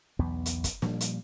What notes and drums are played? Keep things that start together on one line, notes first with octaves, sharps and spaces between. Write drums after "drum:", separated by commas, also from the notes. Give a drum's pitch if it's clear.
B1 E2 B3
drum: hi-hat
drum: kick, hi-hat
A#2 F3 G3, drum: snare
drum: hi-hat